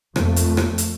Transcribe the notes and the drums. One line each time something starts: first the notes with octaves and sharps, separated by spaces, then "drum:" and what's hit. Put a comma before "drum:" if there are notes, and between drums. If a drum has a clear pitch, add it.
F2 A#2 F3 A3, drum: rim click
drum: hi-hat
drum: rim click
drum: hi-hat